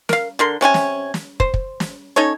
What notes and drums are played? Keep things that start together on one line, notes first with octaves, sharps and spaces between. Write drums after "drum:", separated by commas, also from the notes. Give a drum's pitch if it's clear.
A#4 F5, drum: snare
D3 A#4 C6
C3 C#4 F4 G#5
drum: snare
drum: snare
C5, drum: kick
drum: kick
drum: snare
C#4 D#4 A4 C#5